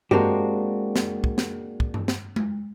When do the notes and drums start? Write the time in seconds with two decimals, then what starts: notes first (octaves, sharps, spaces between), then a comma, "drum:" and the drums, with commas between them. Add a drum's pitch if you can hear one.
0.11 G#3 A#3 C4 D4 F#4 G4, drum: tom G2
0.96 drum: snare
1.24 drum: kick
1.38 drum: snare
1.80 drum: kick
1.94 drum: tom G2
2.08 drum: snare
2.36 drum: tom G#3